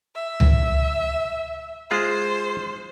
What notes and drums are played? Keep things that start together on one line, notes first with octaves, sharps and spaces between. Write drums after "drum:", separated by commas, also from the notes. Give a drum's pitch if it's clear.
E5
drum: tom C#2
G#3 F4 G#4 C5